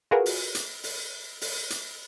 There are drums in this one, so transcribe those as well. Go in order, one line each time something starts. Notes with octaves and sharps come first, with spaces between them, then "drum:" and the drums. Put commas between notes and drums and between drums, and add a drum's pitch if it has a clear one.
F4 F#4 G#4 A#4 B4
drum: open hi-hat
drum: hi-hat
drum: open hi-hat
drum: open hi-hat
drum: hi-hat